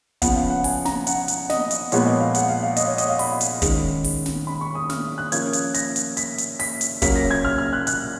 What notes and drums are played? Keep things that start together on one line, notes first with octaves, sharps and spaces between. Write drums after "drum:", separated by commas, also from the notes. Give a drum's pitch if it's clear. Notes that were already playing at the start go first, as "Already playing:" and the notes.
C#3 F3 B3 F#5, drum: kick, hi-hat
F5
F#5
G#5, drum: open hi-hat
A#5, drum: snare
F#5, drum: hi-hat
drum: hi-hat
D#5, drum: snare
drum: hi-hat
A#2 F3 G#3 B3 C#5, drum: hi-hat
D#5
F5
F#5, drum: hi-hat
F5
F5
D#5, drum: hi-hat
C#5
D#5, drum: hi-hat
F5
B5, drum: open hi-hat
drum: hi-hat
D#3 G#3 C#4, drum: kick, hi-hat
drum: open hi-hat
drum: snare
B5
C#6
D#6
F6, drum: snare
F#6
F3 A#3 C#4 G#6, drum: hi-hat
drum: hi-hat
A#6, drum: hi-hat
drum: hi-hat
B6, drum: hi-hat
drum: hi-hat
B6, drum: open hi-hat
drum: hi-hat
C#3 F#3 A#3 B6, drum: kick, hi-hat
A#6
G#6
F6
F6
F#6
F#6, drum: hi-hat